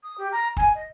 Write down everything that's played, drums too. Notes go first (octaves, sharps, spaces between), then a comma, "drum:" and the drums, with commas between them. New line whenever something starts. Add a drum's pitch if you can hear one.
D#6
G4
A#5
G#5, drum: kick
D#5